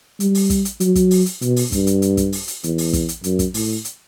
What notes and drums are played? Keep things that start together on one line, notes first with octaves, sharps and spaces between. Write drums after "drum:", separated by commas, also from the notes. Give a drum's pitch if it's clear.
G3, drum: hi-hat
drum: open hi-hat
drum: kick, hi-hat
drum: hi-hat
F#3, drum: hi-hat
drum: kick, hi-hat
drum: open hi-hat
drum: hi-hat
B2, drum: hi-hat
drum: open hi-hat
G2, drum: kick, hi-hat
drum: hi-hat
drum: hi-hat
drum: kick, hi-hat
drum: open hi-hat
drum: hi-hat
E2, drum: hi-hat
drum: open hi-hat
drum: kick, hi-hat
drum: hi-hat
F#2, drum: hi-hat
drum: kick, hi-hat
A2, drum: open hi-hat
drum: hi-hat